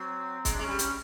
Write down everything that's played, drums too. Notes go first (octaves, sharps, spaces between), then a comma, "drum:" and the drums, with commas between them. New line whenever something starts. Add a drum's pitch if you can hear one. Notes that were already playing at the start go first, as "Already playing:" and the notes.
Already playing: F#3 C4
G#3, drum: kick, hi-hat
D4
G#3 C#4
G3
C#4, drum: hi-hat